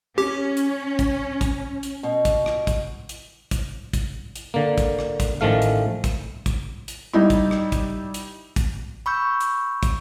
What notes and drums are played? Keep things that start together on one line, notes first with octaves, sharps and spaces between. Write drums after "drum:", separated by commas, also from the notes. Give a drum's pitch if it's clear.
C#4 G4
drum: hi-hat
drum: kick, hi-hat
drum: kick, hi-hat
drum: hi-hat
B2
drum: kick, hi-hat
drum: rim click
drum: kick, hi-hat
drum: hi-hat
drum: kick, hi-hat
drum: kick, hi-hat
drum: hi-hat
D3 A#3
drum: kick, hi-hat
drum: rim click
drum: kick, hi-hat
A1 D#3 F3 A3 F5
drum: hi-hat
drum: kick, hi-hat
drum: kick, hi-hat
drum: hi-hat
G3 D#4 E4
drum: kick, hi-hat
drum: rim click
drum: kick, hi-hat
drum: hi-hat
drum: kick, hi-hat
B5 C#6 E6 G6
drum: hi-hat
drum: kick, hi-hat